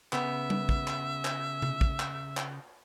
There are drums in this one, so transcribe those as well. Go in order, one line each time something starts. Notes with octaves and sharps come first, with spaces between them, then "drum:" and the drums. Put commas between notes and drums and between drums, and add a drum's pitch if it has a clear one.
C#3 B3 E5, drum: clap
drum: tom G3
drum: kick
drum: clap
drum: clap
drum: tom C3
drum: kick
drum: clap
drum: clap